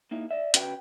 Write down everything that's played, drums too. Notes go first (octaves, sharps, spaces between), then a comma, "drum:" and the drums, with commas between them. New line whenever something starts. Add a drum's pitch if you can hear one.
A#3 D#4 E4
D5 E5
C#3 F#4 B4 F5 G5, drum: hi-hat